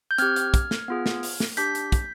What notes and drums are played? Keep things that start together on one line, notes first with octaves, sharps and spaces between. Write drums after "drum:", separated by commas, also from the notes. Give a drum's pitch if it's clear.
G6
C4 G4 F6 G#6, drum: hi-hat
drum: hi-hat
drum: kick, hi-hat
drum: snare
B3 F4 G#4
drum: snare
drum: open hi-hat
drum: snare
D4 G4 G6 B6, drum: hi-hat
drum: hi-hat
drum: kick, hi-hat